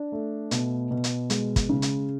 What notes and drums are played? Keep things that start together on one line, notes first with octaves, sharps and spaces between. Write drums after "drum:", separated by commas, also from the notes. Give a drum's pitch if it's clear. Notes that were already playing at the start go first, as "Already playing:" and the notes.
Already playing: D4
A3
B2, drum: hi-hat
B2
drum: hi-hat
G#3, drum: hi-hat
drum: kick, hi-hat
C#3
drum: hi-hat